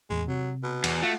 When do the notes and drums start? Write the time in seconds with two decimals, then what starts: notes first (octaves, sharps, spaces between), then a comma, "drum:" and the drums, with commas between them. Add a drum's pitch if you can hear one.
0.10 E2 A2 G#3
0.28 C3 F#3
0.63 B2
0.84 E2, drum: cymbal
1.02 A3 F4 F#4 F5 F#5